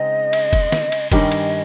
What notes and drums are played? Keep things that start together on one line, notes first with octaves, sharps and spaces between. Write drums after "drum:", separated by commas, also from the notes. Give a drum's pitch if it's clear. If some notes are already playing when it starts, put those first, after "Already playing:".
Already playing: C#3 G#3 C4 D#4 D#5
drum: cymbal
drum: kick, cymbal
drum: snare
drum: cymbal
G2 D#3 G3 C#4 D#5, drum: kick, cymbal
drum: cymbal